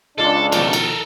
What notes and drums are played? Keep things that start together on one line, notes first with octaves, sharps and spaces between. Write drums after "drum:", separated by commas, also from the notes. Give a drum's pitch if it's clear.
C#2 G#3 D4 F4 A4 D5
B2 D#3 F3 A4 A#4, drum: cymbal
drum: cymbal